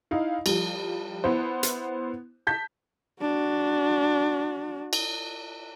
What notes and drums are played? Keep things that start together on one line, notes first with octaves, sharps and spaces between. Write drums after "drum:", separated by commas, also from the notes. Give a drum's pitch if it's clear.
D#4 E4 F5
F3 G3, drum: cymbal
B3 E4 C5
drum: hi-hat
A5 G6 B6
D4 F#4
drum: cymbal